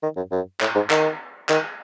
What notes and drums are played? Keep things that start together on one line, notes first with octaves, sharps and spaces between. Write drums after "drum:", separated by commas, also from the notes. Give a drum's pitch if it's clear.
D#3
F#2
F#2
A2, drum: clap
G#2
D#3, drum: clap
D#3, drum: clap